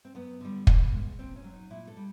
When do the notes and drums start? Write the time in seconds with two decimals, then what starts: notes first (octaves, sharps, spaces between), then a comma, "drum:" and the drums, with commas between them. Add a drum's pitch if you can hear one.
0.05 C4
0.15 F#2 B3
0.41 D3 G3
0.67 B2, drum: kick
0.92 G#3
1.19 A#2 C4
1.36 C#4
1.44 F#3
1.53 D#4
1.70 A#2 E4
1.87 A4
1.97 G3